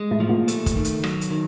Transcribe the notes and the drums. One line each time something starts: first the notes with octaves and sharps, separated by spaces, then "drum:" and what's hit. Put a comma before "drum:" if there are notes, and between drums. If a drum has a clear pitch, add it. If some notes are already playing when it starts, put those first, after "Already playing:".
Already playing: G#3
A2 A3
F3
A#2 A#3
A3, drum: hi-hat
drum: kick, hi-hat
D#3
drum: hi-hat
F#3, drum: rim click
drum: hi-hat
D#3